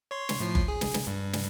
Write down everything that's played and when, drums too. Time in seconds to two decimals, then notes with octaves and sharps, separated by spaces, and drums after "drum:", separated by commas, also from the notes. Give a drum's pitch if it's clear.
0.11 C#5 C6
0.29 drum: snare
0.40 A2 F3 C7
0.55 drum: kick F#1
0.68 G#4
0.81 drum: snare
0.94 drum: snare
1.07 G2
1.33 drum: snare